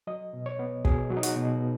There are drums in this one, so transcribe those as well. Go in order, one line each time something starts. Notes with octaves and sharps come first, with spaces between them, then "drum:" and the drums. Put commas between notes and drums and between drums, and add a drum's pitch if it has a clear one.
F#3 D#5
B2
C#5
B3
B2 G#4, drum: kick
F#3
D#4
F#4, drum: hi-hat
B2